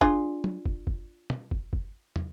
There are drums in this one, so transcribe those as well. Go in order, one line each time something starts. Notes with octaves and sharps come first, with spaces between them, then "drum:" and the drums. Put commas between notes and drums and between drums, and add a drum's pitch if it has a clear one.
D4 F4 G#4, drum: kick
drum: tom
drum: kick
drum: kick
drum: tom
drum: kick
drum: kick
drum: tom